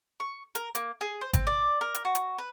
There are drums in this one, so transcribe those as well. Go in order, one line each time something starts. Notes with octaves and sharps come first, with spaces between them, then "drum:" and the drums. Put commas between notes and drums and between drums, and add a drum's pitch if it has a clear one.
C#6
A#4, drum: hi-hat
A#3, drum: hi-hat
G#4
C5
C4, drum: kick G#1, hi-hat
D5
A#4
drum: hi-hat
F#4
drum: hi-hat
B4